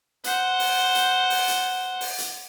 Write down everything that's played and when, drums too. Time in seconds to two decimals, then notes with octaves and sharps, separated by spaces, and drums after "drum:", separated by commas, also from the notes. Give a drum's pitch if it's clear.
0.24 C5 F#5, drum: hi-hat
0.60 drum: open hi-hat
0.95 drum: hi-hat
1.30 drum: open hi-hat
1.48 drum: hi-hat
2.01 drum: open hi-hat
2.18 drum: hi-hat